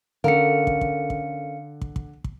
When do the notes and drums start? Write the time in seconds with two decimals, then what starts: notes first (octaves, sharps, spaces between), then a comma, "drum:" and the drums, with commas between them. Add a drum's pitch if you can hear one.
0.24 D3 C#4 A4 A#4 F5 C#7
0.67 drum: kick
0.81 drum: kick
1.10 drum: kick
1.81 drum: kick
1.96 drum: kick
2.24 drum: kick